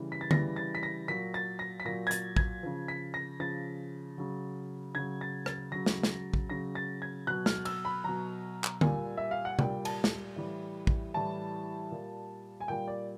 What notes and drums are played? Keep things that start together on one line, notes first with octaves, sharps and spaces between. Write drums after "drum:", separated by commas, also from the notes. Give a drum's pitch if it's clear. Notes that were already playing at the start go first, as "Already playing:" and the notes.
Already playing: C#3 E3 G3
B6
A6
C#3 E3 G3 A#6, drum: tom D3
A6
B6
A#6
A#2 F#3 B6
A6
A#6
B6
A#2 F#3 A#6
G#6
A6, drum: hi-hat
G#6, drum: kick
C#3 F3
B6
A#6
C#3 F3 A6
C#3 F#3
C#3 F#3 G#6
A6
A6, drum: rim click
C#3 F#3 A#6
drum: snare
drum: snare
drum: kick
C#3 F#3 A#6
A6
G#6
B2 F#3 F#6
F6, drum: snare
E6, drum: cymbal
B5
B2 F#3 A#5
drum: clap
A#2 G3 G#5, drum: tom D3
E5
F5
F#5
A#2 G3 G5, drum: tom C3
A5, drum: cymbal
drum: snare
A2 E3 G3
drum: kick
A2 E3 G3 A5
A#2 G3
G#5
A#2 G3 G5
D5